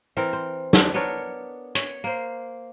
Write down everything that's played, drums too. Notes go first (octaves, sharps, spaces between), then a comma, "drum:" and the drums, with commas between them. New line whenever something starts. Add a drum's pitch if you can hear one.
E3 C4 A#4
C5
D4, drum: snare
B3 D4 A#4 C#5
C#5, drum: hi-hat
A#3 C5